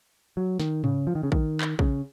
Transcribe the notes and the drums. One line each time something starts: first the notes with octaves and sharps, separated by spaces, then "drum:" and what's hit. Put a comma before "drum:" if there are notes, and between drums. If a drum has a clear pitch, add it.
F#3
D#3, drum: snare
C#3, drum: tom G#2
F3
D#3
C#3
D#3, drum: kick
drum: clap
C#3, drum: kick